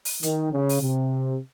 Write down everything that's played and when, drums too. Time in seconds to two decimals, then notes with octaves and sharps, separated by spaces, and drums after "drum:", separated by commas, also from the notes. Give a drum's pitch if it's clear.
0.05 drum: open hi-hat
0.23 D#3, drum: hi-hat
0.53 C#3
0.69 drum: open hi-hat
0.82 C3